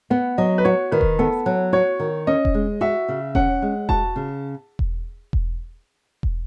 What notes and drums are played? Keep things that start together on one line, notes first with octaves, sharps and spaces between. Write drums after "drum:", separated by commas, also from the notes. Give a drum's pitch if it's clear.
B3 F#5
F#3 D#5
B4
F#4 C#5
D#3 B4
drum: kick E1
B3 A4
F#3
F#4 C#5
D#3
C#4 D#5
drum: kick E1
G#3
F#4 E5
C#3
C#4 F#5, drum: kick E1
G#3
F#4 A5, drum: kick E1
C#3
drum: kick E1
drum: kick E1
drum: kick E1